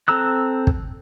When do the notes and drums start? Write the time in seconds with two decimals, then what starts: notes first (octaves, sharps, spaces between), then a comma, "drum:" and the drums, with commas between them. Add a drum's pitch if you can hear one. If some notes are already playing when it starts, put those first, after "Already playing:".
0.08 C4 A4 A#5 E6 F#6
0.67 drum: kick